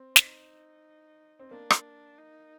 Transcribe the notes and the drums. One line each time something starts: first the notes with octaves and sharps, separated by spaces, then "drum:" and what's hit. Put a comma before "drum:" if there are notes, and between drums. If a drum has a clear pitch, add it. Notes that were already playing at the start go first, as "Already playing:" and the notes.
Already playing: C4
D#4, drum: snare
C4
A#3 D4
drum: rim click
D#4